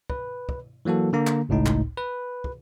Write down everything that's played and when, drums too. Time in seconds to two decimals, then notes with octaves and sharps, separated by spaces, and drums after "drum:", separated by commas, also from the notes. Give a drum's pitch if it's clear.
0.10 B4, drum: kick
0.49 drum: kick
0.85 E3 F#3 A#3 F#4 A4
1.13 D3 A#3 A#5
1.27 drum: clap
1.49 G#1 C#2 A2 D#4
1.66 drum: clap
1.97 B4
2.44 drum: kick